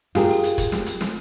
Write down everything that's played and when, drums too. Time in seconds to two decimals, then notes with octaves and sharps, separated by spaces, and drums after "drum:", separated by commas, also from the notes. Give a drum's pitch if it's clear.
0.15 F4 G4 G#4 A#4, drum: snare
0.29 drum: open hi-hat
0.44 drum: hi-hat
0.58 drum: kick, hi-hat
0.72 drum: snare
0.86 drum: hi-hat
1.01 drum: snare